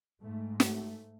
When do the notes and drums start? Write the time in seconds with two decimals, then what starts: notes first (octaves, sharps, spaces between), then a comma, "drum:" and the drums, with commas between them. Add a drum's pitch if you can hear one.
0.21 G#2 A3
0.60 A3, drum: snare